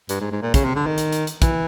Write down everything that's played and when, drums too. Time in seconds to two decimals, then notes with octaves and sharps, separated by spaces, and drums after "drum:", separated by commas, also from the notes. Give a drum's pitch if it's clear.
0.09 G2, drum: hi-hat
0.21 G#2
0.31 G#2
0.42 A#2
0.54 C#3, drum: kick, hi-hat
0.64 C3
0.76 D3
0.87 D#3
0.98 drum: hi-hat
1.13 drum: hi-hat
1.27 drum: hi-hat
1.42 E3, drum: kick, hi-hat